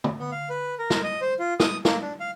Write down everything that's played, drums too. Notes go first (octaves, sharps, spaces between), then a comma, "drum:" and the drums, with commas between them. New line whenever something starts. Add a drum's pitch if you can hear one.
drum: tom
B3
F5
B4
A#4
drum: snare
D#5
C5
F4
D#6, drum: snare
A#3, drum: snare
D4
F5